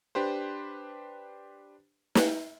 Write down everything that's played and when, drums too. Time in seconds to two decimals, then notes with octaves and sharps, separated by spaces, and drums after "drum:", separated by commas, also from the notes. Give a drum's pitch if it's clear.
0.15 D4 G4 B4 C5
2.15 drum: snare